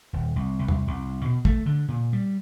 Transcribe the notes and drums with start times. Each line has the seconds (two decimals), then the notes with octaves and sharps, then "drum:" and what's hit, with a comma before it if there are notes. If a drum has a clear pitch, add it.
0.13 D#1
0.36 C2
0.59 C2
0.68 drum: tom E2
0.88 C2
1.25 B2
1.45 A3, drum: kick
1.66 D3
1.88 A#2
2.13 G3